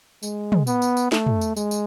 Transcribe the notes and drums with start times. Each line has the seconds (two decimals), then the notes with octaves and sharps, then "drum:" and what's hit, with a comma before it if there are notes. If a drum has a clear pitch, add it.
0.23 G#3, drum: tambourine
0.52 drum: tom
0.67 B3, drum: tambourine
0.82 drum: tambourine
0.97 drum: tambourine
1.12 A3, drum: snare
1.26 drum: tom
1.41 drum: tambourine
1.56 G#3, drum: tambourine
1.71 drum: tambourine